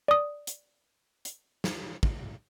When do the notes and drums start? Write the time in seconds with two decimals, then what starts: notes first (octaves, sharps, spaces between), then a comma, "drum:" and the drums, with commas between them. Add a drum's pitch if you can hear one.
0.08 D5 D#6
0.47 drum: hi-hat
1.25 drum: hi-hat
1.64 drum: snare
2.03 drum: kick